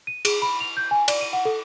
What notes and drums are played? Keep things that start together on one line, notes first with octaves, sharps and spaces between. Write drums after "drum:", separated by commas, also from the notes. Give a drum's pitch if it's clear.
D#7
G#4, drum: cymbal
B5
F7
G6
G#5
D5, drum: cymbal
D#7
F#5
A4